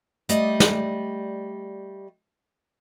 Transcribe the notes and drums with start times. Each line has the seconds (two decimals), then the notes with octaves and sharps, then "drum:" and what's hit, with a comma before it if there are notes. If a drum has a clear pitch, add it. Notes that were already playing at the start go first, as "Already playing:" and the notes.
0.29 G3 A3 D5 D#5, drum: hi-hat
0.60 drum: snare